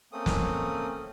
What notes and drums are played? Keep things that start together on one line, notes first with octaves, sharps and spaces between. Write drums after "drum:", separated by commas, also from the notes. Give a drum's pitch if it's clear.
A3 A#3 C4 C#4 D#6
drum: snare